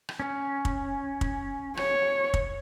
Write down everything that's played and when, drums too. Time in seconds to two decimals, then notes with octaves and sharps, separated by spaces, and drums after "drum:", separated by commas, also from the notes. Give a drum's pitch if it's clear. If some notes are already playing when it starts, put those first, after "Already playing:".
0.09 drum: rim click
0.20 C#4
0.65 drum: kick
1.21 drum: kick
1.77 C#5, drum: rim click
2.34 drum: kick